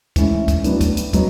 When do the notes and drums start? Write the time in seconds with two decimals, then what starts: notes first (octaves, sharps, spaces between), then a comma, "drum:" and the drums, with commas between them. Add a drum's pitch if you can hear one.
0.16 G#2 E3 A3 C#4 E4, drum: kick, hi-hat
0.48 drum: kick, hi-hat
0.64 A2 F#3 B3 D4, drum: hi-hat
0.81 drum: kick, hi-hat
0.97 drum: hi-hat
1.13 F#3 B3 D#4, drum: kick, hi-hat